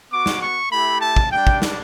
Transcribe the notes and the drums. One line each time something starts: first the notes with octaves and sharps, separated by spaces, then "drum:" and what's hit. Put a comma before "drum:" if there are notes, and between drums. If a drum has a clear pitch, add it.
B3 F#4 D6
drum: snare
C#6
A3 E4 G4 B5
A5
drum: kick
G3 D4 G4 G5
drum: kick
drum: snare